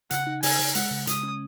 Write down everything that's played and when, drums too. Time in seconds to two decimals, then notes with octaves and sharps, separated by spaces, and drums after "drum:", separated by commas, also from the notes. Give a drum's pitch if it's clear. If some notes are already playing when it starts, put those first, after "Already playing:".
0.10 C#3 F#5, drum: hi-hat
0.27 D#4
0.43 C#3 G#5, drum: open hi-hat
0.59 C#3
0.75 G#3 F#5, drum: hi-hat
0.91 C#3
1.07 C#3 D#6, drum: hi-hat
1.23 C#4